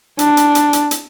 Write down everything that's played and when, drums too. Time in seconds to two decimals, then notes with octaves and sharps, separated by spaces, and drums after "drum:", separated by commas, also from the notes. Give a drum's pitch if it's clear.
0.19 D4, drum: hi-hat
0.37 drum: hi-hat
0.55 drum: hi-hat
0.73 drum: hi-hat
0.91 drum: hi-hat